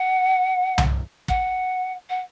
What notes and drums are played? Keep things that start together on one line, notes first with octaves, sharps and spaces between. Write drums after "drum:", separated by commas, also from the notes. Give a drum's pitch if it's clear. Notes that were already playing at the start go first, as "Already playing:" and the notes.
Already playing: F#5
drum: tom C2
F#5, drum: kick
F#5